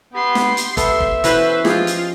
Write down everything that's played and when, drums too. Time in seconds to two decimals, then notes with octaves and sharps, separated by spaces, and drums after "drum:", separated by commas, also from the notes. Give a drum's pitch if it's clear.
0.14 B3 G4 C6
0.35 drum: snare
0.57 drum: hi-hat
0.77 B3 A4 E5, drum: kick, hi-hat
1.00 drum: kick
1.24 E3 C#4 F#4 B4 C5, drum: hi-hat
1.65 F3 F4 G4 G#4 D#5, drum: snare
1.87 drum: hi-hat